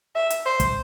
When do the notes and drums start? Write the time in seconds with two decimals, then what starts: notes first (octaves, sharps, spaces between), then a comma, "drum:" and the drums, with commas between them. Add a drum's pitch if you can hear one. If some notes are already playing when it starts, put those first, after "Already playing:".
0.15 E5
0.30 drum: hi-hat
0.46 C5
0.60 drum: kick, hi-hat